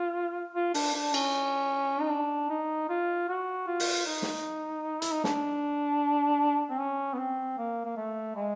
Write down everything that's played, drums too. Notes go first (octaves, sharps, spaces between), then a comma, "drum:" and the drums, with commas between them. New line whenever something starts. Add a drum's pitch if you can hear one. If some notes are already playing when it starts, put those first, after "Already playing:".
Already playing: F4
F4
D4, drum: open hi-hat
D4
C#4, drum: cymbal
D#4
D4
D#4
F4
F#4
F4
drum: open hi-hat
D#4
drum: snare
E4, drum: hi-hat
D#4
D4, drum: snare
C4
C#4
B3
C4
A#3
A#3
A3
G#3